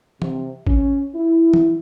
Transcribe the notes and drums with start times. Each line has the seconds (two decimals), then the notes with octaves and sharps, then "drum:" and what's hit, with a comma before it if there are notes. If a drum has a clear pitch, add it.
0.22 C3, drum: tom E3
0.67 C#4, drum: kick G#1
1.15 E4
1.54 drum: tom E3